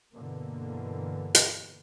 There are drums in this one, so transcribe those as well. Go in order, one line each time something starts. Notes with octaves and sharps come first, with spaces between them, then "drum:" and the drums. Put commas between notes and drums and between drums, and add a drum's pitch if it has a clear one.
G2 B2 D3 E3 A#3
drum: hi-hat